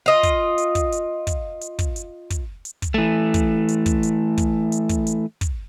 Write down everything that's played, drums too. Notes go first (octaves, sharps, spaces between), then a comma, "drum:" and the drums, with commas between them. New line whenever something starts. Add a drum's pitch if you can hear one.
F4 D#5
drum: kick, hi-hat
drum: hi-hat
drum: kick, hi-hat
drum: hi-hat
drum: kick, hi-hat
drum: hi-hat
drum: kick, hi-hat
drum: hi-hat
drum: kick, hi-hat
drum: hi-hat
drum: kick, hi-hat
E3 A3
drum: kick, hi-hat
drum: hi-hat
drum: kick, hi-hat
drum: hi-hat
drum: kick, hi-hat
drum: hi-hat
drum: kick, hi-hat
drum: hi-hat
drum: kick, hi-hat